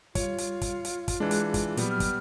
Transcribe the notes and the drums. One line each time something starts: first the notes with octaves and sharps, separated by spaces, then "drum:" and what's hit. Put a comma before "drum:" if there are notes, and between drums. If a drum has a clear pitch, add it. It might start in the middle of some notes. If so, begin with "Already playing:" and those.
G3 F4 C#5, drum: kick, hi-hat
drum: hi-hat
drum: kick, hi-hat
drum: hi-hat
drum: kick, hi-hat
E3 G#3 D4 G#4 F#6
drum: hi-hat
drum: kick, hi-hat
A#2 F#3 G3 B3, drum: hi-hat
F6
drum: kick, hi-hat